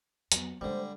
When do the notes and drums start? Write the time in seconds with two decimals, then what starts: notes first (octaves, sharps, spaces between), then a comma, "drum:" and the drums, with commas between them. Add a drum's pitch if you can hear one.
0.32 F2 F#3 B3, drum: hi-hat
0.61 D3 G3 G#3 A#3 A4 C5 G5